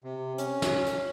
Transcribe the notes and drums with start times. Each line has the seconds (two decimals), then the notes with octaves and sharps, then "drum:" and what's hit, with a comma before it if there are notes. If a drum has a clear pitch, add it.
0.04 C3
0.38 C#4, drum: hi-hat
0.62 drum: snare
0.86 drum: hi-hat